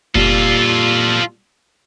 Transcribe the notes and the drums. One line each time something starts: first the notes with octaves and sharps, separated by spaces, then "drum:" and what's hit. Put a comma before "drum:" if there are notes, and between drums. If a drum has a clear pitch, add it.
A#2 G3 F4 A4, drum: kick F1